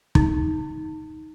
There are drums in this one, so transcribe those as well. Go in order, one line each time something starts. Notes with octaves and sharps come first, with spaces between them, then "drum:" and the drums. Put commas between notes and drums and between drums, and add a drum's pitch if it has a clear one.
D#4, drum: kick